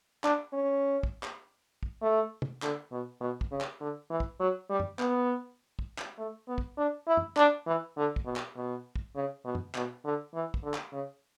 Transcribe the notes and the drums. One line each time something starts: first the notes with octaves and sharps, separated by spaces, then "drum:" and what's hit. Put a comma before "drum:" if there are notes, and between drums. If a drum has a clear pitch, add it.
D4, drum: clap
C#4
drum: kick
drum: clap
drum: kick
A3
drum: tom
D3, drum: clap
B2
B2
drum: kick
C#3
drum: clap
D3
E3
drum: kick
F#3
G3
drum: tom
B3, drum: clap
drum: kick
drum: clap
A3
B3
drum: kick
D4
E4
drum: tom
D4, drum: clap
E3
D3
drum: kick
B2
drum: clap
B2
drum: kick
C#3
B2
drum: tom
B2, drum: clap
D3
E3
drum: kick
D3
drum: clap
C#3